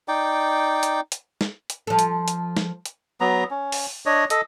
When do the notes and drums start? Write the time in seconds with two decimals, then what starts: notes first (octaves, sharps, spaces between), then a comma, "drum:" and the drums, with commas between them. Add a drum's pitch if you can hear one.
0.08 D#4 D5 G5
0.83 drum: hi-hat
1.12 drum: hi-hat
1.41 drum: snare
1.70 drum: hi-hat
1.87 F3 A4
1.99 drum: hi-hat
2.28 drum: hi-hat
2.57 drum: snare
2.86 drum: hi-hat
3.21 F#3 B3 A#5
3.51 C#4
3.72 drum: open hi-hat
4.06 D4 C#5 D#5
4.30 A4 D#5, drum: hi-hat